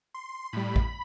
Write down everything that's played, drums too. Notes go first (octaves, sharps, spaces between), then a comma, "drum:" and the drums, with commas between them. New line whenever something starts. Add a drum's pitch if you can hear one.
C6
A2 G3 B5
drum: kick